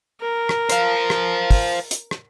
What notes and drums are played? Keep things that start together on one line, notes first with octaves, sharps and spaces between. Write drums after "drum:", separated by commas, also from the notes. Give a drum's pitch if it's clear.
A#4
drum: rim click
C5 F5, drum: hi-hat
drum: rim click
drum: kick, open hi-hat
drum: hi-hat
drum: rim click